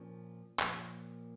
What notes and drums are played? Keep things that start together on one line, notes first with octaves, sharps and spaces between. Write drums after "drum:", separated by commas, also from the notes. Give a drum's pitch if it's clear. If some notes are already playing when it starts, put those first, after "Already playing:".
Already playing: A#2 F3 A#3 C#4
A#2 F3 A#3 C#4, drum: clap